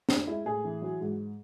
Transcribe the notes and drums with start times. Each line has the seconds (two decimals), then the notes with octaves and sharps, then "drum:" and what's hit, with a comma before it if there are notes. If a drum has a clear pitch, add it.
0.09 D2 D4, drum: snare
0.27 G#3 E4
0.45 A2 G#4
0.64 E3
0.82 F#3
1.01 G#2